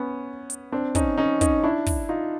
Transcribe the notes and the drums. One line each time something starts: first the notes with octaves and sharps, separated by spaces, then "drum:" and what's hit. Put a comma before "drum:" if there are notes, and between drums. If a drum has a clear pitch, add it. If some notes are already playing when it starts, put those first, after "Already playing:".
Already playing: B3 C#4
drum: hi-hat
C4 D4
C#4 D#4, drum: kick, hi-hat
C#4 D#4
C#4 D#4, drum: kick, hi-hat
D4 E4
drum: kick, open hi-hat
D#4 F4